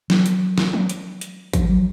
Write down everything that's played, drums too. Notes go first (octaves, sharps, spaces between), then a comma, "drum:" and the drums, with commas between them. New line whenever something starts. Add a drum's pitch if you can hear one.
F#3, drum: snare
drum: hi-hat
drum: snare
drum: tom F3
drum: hi-hat
drum: hi-hat
F3, drum: kick, hi-hat
F#3